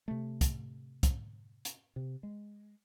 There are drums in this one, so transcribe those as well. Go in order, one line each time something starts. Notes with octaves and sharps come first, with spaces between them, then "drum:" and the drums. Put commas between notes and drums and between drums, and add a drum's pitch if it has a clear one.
C3 A3
drum: kick, hi-hat
drum: kick, hi-hat
drum: hi-hat
C3
G#3